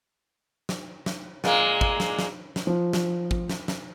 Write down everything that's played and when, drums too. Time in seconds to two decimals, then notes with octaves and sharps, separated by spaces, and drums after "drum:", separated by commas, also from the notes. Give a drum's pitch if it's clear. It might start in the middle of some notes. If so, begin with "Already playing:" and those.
0.69 drum: snare
1.06 drum: snare
1.44 A#2 G#3 A#3, drum: snare
1.81 drum: kick
2.00 drum: snare
2.19 drum: snare
2.56 drum: snare
2.67 F3
2.93 drum: snare
3.31 drum: kick
3.50 drum: snare
3.68 drum: snare